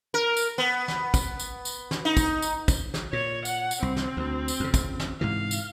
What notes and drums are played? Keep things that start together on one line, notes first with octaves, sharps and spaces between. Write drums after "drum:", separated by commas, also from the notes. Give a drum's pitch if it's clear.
A#4
drum: tambourine
B3
drum: snare
drum: kick, tambourine
drum: tambourine
drum: tambourine
drum: snare
D#4
drum: kick, tambourine
drum: tambourine
drum: kick, tambourine
drum: snare
A#2 C#5
F#5, drum: tambourine
drum: tambourine
C2 C4
drum: snare
D2
drum: tambourine
F2 C#3
drum: kick, tambourine
drum: snare
G#2 C3 E3 F5
drum: tambourine